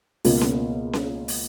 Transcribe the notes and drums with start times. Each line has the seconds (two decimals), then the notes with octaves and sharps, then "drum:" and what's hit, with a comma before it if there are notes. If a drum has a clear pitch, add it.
0.24 C#2 B2 A#3 C#4 F4, drum: open hi-hat
0.41 drum: snare C#4
0.93 drum: snare C#4
1.28 drum: open hi-hat